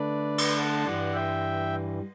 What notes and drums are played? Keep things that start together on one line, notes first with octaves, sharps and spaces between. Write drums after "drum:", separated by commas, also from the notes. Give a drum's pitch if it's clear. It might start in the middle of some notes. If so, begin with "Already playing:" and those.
Already playing: D3 A3 D4 B4 D5
drum: cymbal
F#5 A5
G2 E3 G3 D5 F#5
E5 G5